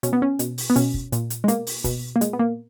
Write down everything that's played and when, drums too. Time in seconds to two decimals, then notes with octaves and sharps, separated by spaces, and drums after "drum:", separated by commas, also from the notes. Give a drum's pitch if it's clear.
0.03 B2 C#4, drum: hi-hat
0.13 B3
0.22 C#4
0.39 B2, drum: hi-hat
0.58 drum: open hi-hat
0.70 B3
0.76 B2 C#4, drum: hi-hat
0.94 drum: kick
1.12 A#2, drum: hi-hat
1.30 drum: hi-hat
1.44 G#3
1.48 B2 A#3, drum: hi-hat
1.67 drum: open hi-hat
1.84 B2, drum: kick, hi-hat
2.16 A#3
2.21 A#2 G#3, drum: hi-hat
2.33 B3
2.39 A#3